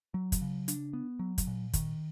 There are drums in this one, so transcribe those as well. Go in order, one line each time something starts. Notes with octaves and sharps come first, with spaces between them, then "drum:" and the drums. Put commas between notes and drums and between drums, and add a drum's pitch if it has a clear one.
F#3
drum: kick, hi-hat
C#3
D4, drum: hi-hat
B3
F#3
drum: kick, hi-hat
A#2
D#3, drum: kick, hi-hat